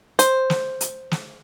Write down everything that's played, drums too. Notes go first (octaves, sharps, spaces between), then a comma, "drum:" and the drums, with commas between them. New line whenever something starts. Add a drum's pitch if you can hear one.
C5, drum: hi-hat
drum: snare
drum: hi-hat
drum: snare